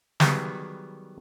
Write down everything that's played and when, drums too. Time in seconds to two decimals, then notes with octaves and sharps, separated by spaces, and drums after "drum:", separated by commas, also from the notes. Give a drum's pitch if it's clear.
0.20 D#3 F#3 G3 B3 G#4, drum: snare